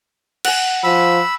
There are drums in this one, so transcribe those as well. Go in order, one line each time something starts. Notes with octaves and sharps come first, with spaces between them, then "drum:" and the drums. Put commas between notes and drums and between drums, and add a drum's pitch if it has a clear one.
F#5 G#5, drum: cymbal
F3 B5 E6